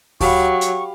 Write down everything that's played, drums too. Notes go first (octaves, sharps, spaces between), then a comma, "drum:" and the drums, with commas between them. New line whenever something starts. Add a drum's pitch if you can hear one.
F#3 G4 F5 B5 C#6, drum: kick D2, open hi-hat
drum: hi-hat